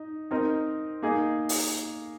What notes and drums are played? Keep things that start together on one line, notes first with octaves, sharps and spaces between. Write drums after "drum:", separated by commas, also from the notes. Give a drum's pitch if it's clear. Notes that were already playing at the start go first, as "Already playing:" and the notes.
Already playing: D#4
C4 D#4 A#4 D#5
A#3 D#4 G#4 D#5
drum: open hi-hat